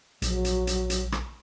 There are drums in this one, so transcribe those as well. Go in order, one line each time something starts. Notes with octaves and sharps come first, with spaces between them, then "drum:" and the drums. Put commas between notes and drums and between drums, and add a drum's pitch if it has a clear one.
A#1 F#3, drum: hi-hat
drum: hi-hat
drum: hi-hat
drum: hi-hat
drum: rim click